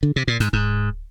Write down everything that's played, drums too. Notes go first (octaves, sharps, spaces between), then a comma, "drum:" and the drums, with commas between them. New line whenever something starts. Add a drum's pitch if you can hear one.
D3
C3
A#2
G#2, drum: snare
G#2, drum: kick D1